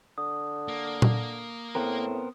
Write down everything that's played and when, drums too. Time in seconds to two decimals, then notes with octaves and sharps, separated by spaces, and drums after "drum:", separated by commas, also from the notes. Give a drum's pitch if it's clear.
0.18 D3 D#6
0.68 A#3
1.02 drum: tom A#2
1.75 A2 B3 C4 A#4